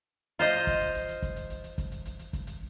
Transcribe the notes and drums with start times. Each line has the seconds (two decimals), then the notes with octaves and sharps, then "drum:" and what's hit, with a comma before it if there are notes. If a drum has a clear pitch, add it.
0.39 F4 C5 D#5, drum: hi-hat
0.53 drum: hi-hat
0.67 drum: kick, hi-hat
0.81 drum: hi-hat
0.95 drum: hi-hat
1.09 drum: hi-hat
1.22 drum: kick, hi-hat
1.36 drum: hi-hat
1.50 drum: hi-hat
1.64 drum: hi-hat
1.78 drum: kick, hi-hat
1.92 drum: hi-hat
2.06 drum: hi-hat
2.19 drum: hi-hat
2.33 drum: kick, hi-hat
2.47 drum: hi-hat